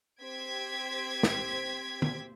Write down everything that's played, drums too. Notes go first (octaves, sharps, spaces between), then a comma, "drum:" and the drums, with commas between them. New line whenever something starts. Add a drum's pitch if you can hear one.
C4 G4 C5 G#6 B6 D7
drum: snare
drum: tom D3